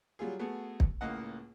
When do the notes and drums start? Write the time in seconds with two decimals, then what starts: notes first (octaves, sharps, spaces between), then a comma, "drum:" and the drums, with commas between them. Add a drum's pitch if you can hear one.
0.19 F#3 G3 F4 G#4
0.39 A3 B3 F#4 G#4
0.80 drum: kick
1.01 C#2 A2 A#3 D#5 F#5